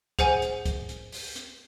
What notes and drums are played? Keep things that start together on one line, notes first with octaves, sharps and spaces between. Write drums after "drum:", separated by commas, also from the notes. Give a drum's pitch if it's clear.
G#4 C5 F#5 G#5, drum: kick, hi-hat
drum: hi-hat
drum: kick, hi-hat
drum: hi-hat
drum: open hi-hat
drum: hi-hat